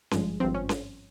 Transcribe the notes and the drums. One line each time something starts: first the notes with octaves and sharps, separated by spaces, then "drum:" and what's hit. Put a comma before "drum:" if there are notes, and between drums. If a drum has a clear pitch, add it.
G#1 G2 F3 G#3, drum: snare C#4
G#1 G2 F3 C4
C#4
drum: snare C#4